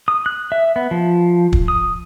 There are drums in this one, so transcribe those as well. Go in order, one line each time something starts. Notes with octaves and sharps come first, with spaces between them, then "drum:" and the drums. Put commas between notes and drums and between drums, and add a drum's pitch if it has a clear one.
D#6
F#6
E5
B3
F3
drum: kick
D#6